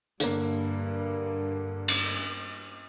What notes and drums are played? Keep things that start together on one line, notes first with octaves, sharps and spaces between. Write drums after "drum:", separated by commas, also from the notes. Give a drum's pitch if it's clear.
G2 D3 A#3, drum: hi-hat
drum: cymbal